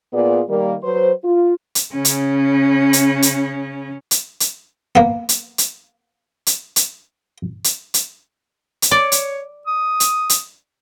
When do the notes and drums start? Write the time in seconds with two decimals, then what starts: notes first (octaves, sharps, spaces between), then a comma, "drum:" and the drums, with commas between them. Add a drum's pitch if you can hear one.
0.13 A#2 B3 F4 G#4 D5
0.49 D#3 G3 A#3
0.83 F#3 B4 C5
1.25 F4
1.75 drum: hi-hat
1.93 C#3 C#4
2.05 drum: hi-hat
2.93 drum: hi-hat
3.22 drum: hi-hat
4.11 drum: hi-hat
4.40 drum: hi-hat
4.96 A#3 B3
5.29 drum: hi-hat
5.58 drum: hi-hat
6.47 drum: hi-hat
6.76 drum: hi-hat
7.64 drum: hi-hat
7.94 drum: hi-hat
8.82 drum: hi-hat
8.91 C#5 D5
9.12 drum: hi-hat
9.67 D#6
10.00 drum: hi-hat
10.30 drum: hi-hat